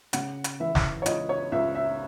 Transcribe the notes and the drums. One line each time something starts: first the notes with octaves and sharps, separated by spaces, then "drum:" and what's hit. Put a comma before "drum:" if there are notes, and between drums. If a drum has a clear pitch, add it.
C#3 F#5, drum: hi-hat
drum: hi-hat
E3 E5
drum: snare
C#5
C#2 D#5, drum: hi-hat
C#5
C#2 E5
E5